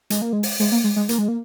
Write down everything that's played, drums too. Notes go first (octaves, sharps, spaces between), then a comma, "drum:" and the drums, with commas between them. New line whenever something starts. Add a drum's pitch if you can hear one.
G#3, drum: hi-hat
A#3
G#3
drum: open hi-hat
G#3, drum: open hi-hat
A#3
G#3
G#3
A#3, drum: hi-hat
G#3
A#3